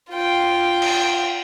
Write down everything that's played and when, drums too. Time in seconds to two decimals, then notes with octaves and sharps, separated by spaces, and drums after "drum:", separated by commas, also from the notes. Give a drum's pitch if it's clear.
0.12 F4 G5
0.82 drum: cymbal